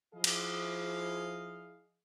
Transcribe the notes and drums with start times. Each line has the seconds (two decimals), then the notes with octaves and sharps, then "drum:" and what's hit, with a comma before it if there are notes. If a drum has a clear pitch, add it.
0.15 F3 E4 G#4 D#5 F5
0.24 drum: cymbal